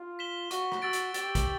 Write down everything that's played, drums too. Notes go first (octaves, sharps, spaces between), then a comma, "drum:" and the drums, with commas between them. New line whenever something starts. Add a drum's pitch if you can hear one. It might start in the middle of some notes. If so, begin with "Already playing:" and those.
Already playing: F4
B6 E7 G7
F#4 C#6, drum: hi-hat
drum: rim click
F#4 E6 A6 D7
drum: hi-hat
G4 A6, drum: hi-hat
drum: kick, hi-hat